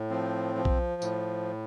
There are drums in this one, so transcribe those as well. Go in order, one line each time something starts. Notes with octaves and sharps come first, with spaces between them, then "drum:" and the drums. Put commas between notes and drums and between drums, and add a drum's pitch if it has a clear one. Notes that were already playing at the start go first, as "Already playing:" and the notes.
Already playing: A2
F3 C4
F3
drum: kick B1
A2, drum: tambourine